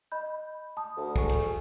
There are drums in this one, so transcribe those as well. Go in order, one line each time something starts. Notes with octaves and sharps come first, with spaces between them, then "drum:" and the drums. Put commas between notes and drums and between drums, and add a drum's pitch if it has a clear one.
D#5 B5 G6
A5 D#6
D2
G#4 G#5 C#6, drum: kick
drum: cymbal